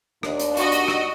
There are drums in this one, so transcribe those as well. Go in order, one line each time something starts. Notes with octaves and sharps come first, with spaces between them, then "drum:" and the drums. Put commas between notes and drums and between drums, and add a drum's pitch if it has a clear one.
D#2 D4, drum: rim click
drum: hi-hat
F#4 D#5, drum: hi-hat
drum: hi-hat
drum: rim click